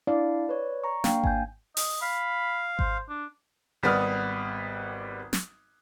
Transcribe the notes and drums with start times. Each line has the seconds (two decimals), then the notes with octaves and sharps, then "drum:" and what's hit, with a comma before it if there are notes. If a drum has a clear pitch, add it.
0.07 D4 E4 D5 F5
0.49 B4 C#5
0.84 A#5 C#6
1.04 A#3 D4 F5 G5, drum: snare
1.24 G#5 G6, drum: kick G#1
1.77 D#5, drum: open hi-hat
2.02 F5 B5
2.79 C5, drum: kick G#1
3.09 D4
3.83 G#1 G3 B3 B4 D#6 F6
5.33 drum: snare